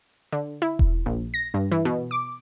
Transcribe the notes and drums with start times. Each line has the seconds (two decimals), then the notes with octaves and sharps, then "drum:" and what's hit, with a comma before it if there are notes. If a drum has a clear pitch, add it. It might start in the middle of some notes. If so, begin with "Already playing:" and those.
0.32 D3
0.62 E4
0.79 drum: kick E1
1.06 A#1
1.34 A#6
1.54 G2
1.72 E3
1.85 B2
2.11 D6